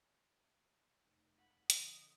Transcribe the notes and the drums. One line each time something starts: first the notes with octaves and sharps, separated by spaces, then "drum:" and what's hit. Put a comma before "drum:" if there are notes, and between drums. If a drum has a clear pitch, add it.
F1 D#4
F#5 B5
D3 F3 D#5, drum: hi-hat